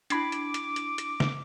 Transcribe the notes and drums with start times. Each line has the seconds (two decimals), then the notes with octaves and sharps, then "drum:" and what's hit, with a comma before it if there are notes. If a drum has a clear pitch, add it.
0.10 D4 E4 B5 D6 G#6 C7, drum: hi-hat
0.32 drum: hi-hat
0.54 drum: hi-hat
0.76 drum: hi-hat
0.98 drum: hi-hat
1.20 drum: snare